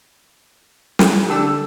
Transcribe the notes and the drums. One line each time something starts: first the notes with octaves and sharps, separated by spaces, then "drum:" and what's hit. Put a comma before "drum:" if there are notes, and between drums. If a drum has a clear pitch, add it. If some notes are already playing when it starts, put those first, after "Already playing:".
drum: snare
D3 G4 A4 E6